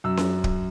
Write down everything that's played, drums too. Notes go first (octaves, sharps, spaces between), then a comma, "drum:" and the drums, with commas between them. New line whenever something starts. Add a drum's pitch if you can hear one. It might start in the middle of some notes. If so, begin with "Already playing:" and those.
F#2 E6
drum: snare C#4
drum: kick